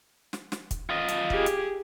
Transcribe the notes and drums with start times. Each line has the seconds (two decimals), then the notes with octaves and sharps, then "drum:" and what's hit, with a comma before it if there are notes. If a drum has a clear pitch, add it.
0.33 drum: snare
0.52 drum: snare
0.71 drum: kick, hi-hat
0.90 F4 D#5
1.08 drum: hi-hat
1.30 G4 G#4, drum: kick
1.46 drum: hi-hat